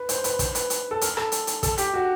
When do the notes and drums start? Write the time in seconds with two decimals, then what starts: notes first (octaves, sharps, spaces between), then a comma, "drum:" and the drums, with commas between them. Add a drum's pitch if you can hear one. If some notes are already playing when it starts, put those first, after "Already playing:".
Already playing: B4
0.09 C5, drum: hi-hat
0.24 B4, drum: hi-hat
0.39 C5, drum: kick, hi-hat
0.55 B4, drum: hi-hat
0.70 drum: hi-hat
0.91 A4
1.01 A#4, drum: hi-hat
1.17 A4, drum: rim click
1.32 drum: hi-hat
1.47 drum: hi-hat
1.63 A4, drum: kick, hi-hat
1.78 G4, drum: hi-hat
1.94 F#4